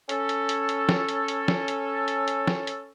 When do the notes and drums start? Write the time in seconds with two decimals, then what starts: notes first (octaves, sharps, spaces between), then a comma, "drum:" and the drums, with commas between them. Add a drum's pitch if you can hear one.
0.09 C#4 A4, drum: hi-hat
0.29 drum: hi-hat
0.49 drum: hi-hat
0.69 drum: hi-hat
0.89 drum: snare
1.09 drum: hi-hat
1.28 drum: hi-hat
1.48 drum: snare
1.68 drum: hi-hat
2.08 drum: hi-hat
2.28 drum: hi-hat
2.48 drum: snare
2.67 drum: hi-hat